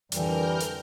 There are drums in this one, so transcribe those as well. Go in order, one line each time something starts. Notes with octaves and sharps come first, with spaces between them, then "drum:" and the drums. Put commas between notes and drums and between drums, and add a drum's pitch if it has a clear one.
F2 D3 E3 G3 A#4 F6 G6, drum: hi-hat
drum: hi-hat